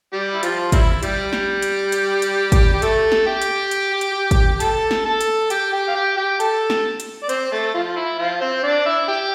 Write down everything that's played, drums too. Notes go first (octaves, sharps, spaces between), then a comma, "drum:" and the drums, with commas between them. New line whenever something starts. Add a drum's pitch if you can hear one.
G3 G4
E4
F3 F4, drum: hi-hat
G3 C4 E4, drum: kick, hi-hat
G3 G4, drum: hi-hat
drum: snare
drum: hi-hat
drum: hi-hat
drum: hi-hat
drum: kick, hi-hat
G4
A3 A4, drum: hi-hat
drum: snare
G4 G5
drum: hi-hat
drum: hi-hat
drum: hi-hat
drum: kick, hi-hat
A4 A5, drum: hi-hat
drum: snare
A4 A5
drum: hi-hat
G4 G5, drum: hi-hat
G4 G5
F5
G4 G5
G4 G5
A4 A5, drum: hi-hat
drum: snare
drum: hi-hat
D5
C4 C5, drum: hi-hat
A3 A4
F3 F4
E4
F3 F4
C4 C5
D4 D5
E4 E5
G4 G5